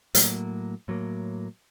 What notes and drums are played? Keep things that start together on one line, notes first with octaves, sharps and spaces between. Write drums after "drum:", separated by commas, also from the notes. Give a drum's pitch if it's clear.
A2 F#3 A#3, drum: hi-hat
A2 F#3 A#3